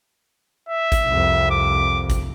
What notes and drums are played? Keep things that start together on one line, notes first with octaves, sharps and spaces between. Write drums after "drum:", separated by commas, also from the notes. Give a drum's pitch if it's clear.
E5
drum: kick G#1, hi-hat
C2 F2
D6
drum: kick G#1, hi-hat